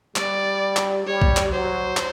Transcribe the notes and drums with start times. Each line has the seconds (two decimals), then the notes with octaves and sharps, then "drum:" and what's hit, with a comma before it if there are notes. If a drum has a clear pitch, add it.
0.16 G3 D5, drum: clap
0.76 drum: clap
1.06 G3 C#5
1.22 drum: kick A#1
1.37 drum: clap
1.52 F#3 C5
1.97 drum: clap